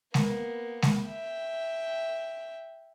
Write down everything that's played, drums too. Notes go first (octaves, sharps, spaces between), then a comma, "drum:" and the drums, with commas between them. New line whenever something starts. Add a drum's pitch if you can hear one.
A#3 B3, drum: snare G#3
drum: snare G#3
E5 G5